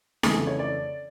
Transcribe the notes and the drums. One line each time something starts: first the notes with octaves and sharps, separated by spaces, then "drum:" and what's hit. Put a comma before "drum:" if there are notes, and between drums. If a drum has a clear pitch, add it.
F2 C#3 E3 A3 G#4, drum: snare D#4
C#5
D5